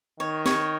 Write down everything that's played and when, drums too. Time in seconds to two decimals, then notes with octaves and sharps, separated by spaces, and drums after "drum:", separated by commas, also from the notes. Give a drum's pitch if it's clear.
0.20 D#3 C#5
0.46 C#5, drum: snare